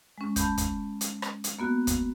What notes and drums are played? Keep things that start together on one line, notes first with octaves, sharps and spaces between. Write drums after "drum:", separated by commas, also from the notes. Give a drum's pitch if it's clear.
G#3 C#4
A5 B5 G6, drum: kick, hi-hat
drum: kick, hi-hat
drum: hi-hat
drum: rim click
drum: hi-hat
A#3 B3 F#4
drum: kick, hi-hat